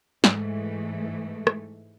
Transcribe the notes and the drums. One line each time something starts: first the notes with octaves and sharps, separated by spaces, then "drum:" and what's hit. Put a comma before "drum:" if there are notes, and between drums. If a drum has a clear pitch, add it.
G#2 E3 A3, drum: snare
drum: rim click